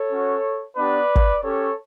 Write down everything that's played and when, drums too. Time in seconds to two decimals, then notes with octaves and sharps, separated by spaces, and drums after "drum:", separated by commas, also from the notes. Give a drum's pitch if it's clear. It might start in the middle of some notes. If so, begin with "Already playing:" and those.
Already playing: A4 C#5
0.11 C#4 F#4
0.77 B3 D4 G4 B4 D5
1.16 drum: kick
1.43 C#4 G4 A4 C#5